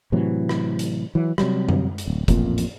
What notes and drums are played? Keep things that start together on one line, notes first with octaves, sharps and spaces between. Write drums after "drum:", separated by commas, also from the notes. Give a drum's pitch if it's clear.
A2 C3 E3 F#3
drum: rim click
drum: hi-hat
E3 F#3
C3 F#3 G3, drum: rim click
drum: tom
drum: hi-hat
D1
A1 F2 A#2, drum: kick F1, hi-hat
drum: hi-hat